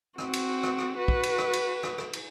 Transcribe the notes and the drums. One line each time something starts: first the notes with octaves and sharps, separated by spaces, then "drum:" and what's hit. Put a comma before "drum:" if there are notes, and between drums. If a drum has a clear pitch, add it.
C4 F#4, drum: rim click
drum: cymbal
drum: rim click
drum: rim click
F#4 B4
drum: kick
drum: cymbal
drum: rim click
drum: cymbal
drum: rim click
drum: rim click
drum: cymbal